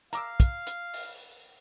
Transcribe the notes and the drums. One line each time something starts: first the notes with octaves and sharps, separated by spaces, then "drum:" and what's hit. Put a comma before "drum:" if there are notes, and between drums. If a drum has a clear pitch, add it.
F5 A#5 D6 E6, drum: hi-hat
drum: kick, hi-hat
drum: hi-hat
drum: open hi-hat